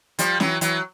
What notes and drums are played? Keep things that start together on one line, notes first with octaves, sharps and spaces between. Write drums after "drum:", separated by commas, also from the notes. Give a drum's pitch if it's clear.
F3 G3, drum: hi-hat
E3 F#3, drum: snare
E3 F#3, drum: hi-hat